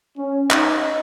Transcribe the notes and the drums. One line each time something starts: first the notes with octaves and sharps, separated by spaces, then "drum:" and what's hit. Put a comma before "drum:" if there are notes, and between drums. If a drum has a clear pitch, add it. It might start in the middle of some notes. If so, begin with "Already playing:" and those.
C#4
D#4, drum: clap